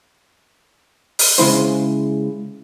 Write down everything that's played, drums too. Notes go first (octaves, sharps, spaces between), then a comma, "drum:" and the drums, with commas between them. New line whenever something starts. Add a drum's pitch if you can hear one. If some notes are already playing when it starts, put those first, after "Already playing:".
drum: open hi-hat
C#3 G#3 E4 C5